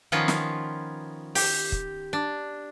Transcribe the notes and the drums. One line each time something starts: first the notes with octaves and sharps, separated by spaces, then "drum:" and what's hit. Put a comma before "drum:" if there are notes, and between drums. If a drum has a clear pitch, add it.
D#3 F3 B3 C#4 F4
drum: snare
G4, drum: open hi-hat
drum: kick
D4